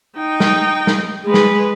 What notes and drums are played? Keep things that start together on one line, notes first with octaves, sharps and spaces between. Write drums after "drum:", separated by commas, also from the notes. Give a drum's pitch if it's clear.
D#4 G5
drum: snare
drum: snare
G#3 B4
drum: snare